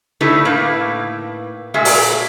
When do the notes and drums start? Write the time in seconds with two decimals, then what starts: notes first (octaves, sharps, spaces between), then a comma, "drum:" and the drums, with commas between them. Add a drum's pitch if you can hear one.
0.21 D3 A3 D#4 E4 G4 B4
0.45 A2 A#3 D#4 A#4 B4
1.74 A#2 G#3 F#4 G#4 E5
1.85 drum: open hi-hat